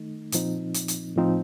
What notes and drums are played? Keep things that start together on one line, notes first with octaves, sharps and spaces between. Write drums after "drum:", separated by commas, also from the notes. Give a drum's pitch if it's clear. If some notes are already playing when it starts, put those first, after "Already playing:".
Already playing: D#3 A3 D#4
A#2 F3 C4 D#4, drum: hi-hat
drum: hi-hat
drum: hi-hat
A2 F3 C4 D#4